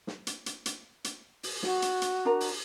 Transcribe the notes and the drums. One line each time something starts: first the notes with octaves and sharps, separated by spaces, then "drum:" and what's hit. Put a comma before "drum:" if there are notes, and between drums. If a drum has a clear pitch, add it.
drum: snare
drum: hi-hat
drum: hi-hat
drum: hi-hat
drum: hi-hat
drum: open hi-hat
F#4, drum: snare
drum: hi-hat
drum: hi-hat
D4 A#4 A#5
drum: open hi-hat